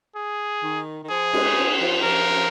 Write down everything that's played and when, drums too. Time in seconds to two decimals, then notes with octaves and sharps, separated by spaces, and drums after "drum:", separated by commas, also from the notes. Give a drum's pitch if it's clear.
0.16 G#4
0.63 D#3
1.03 D#3
1.10 F3 G#4
1.33 G#3, drum: cymbal
1.57 F3
1.80 F3
2.03 F3 A#4